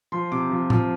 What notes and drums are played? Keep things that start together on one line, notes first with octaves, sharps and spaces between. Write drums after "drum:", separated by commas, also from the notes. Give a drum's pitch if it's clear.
F3 C6
C3 D6
F3
F3, drum: tom A2